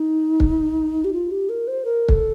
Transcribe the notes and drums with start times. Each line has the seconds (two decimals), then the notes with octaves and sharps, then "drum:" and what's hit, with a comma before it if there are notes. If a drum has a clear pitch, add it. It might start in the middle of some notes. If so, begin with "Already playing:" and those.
Already playing: D#4
0.40 drum: kick
1.04 G4
1.12 F4
1.30 G4
1.49 A#4
1.67 C5
1.84 A#4
2.09 A4, drum: kick